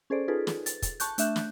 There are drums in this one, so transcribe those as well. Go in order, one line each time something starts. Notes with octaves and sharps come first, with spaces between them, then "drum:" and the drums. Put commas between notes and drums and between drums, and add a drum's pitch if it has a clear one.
C#4 G#4 A4 C5 D5
D#4 F4 G#4 A4 B4
drum: snare
A6, drum: hi-hat
drum: kick, hi-hat
A5 C#6 F#6 G6, drum: hi-hat
A3 D4 E5 F#6 G6, drum: hi-hat
drum: snare